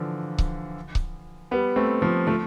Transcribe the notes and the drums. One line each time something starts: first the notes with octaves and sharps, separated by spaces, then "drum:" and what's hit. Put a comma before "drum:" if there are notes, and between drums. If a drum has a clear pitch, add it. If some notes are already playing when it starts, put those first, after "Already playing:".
Already playing: D3 E3 F3
drum: kick C#1
drum: kick C#1
G3 B3
A3 C4
F3 A3
F3 A3